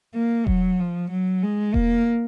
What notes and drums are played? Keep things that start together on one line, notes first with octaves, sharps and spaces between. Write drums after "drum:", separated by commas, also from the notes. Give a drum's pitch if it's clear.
A#3
F#3, drum: kick E1
F3
F#3
G#3
A#3, drum: kick E1